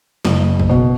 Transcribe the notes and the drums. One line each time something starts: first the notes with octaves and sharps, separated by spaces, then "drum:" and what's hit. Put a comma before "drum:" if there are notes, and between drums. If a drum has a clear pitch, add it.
F#1, drum: snare
drum: kick
B2